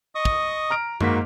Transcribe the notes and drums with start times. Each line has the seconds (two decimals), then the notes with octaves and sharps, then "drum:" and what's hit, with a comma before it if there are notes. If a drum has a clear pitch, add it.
0.15 D#5 C#6 D#6
0.25 drum: kick
0.70 A#5 F6 D7
1.01 G#2 A#3 F#4 C#6 B6, drum: tom F#2